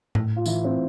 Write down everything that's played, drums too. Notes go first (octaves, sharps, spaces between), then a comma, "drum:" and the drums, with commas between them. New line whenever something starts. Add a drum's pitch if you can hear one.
A2, drum: tom G#2
F4
E3 E4, drum: tambourine
C4